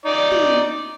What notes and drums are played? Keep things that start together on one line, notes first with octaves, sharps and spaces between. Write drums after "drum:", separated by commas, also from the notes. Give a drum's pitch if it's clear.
D#4 D5
drum: tom